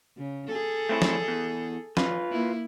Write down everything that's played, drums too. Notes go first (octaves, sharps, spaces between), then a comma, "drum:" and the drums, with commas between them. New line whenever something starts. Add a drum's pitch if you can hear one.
C#3
G#4 A4
A3 C4 E4
drum: snare
E2
F4 B4, drum: snare
A#3 E4